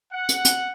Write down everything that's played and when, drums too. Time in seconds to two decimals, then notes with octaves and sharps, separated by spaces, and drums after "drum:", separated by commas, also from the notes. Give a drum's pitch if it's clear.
0.13 F#5
0.29 drum: hi-hat
0.45 drum: hi-hat